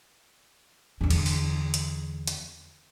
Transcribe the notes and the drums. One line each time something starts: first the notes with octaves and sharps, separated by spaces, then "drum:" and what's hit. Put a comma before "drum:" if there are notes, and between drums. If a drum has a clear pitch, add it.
E2 D3
drum: cymbal
drum: open hi-hat
drum: hi-hat
drum: hi-hat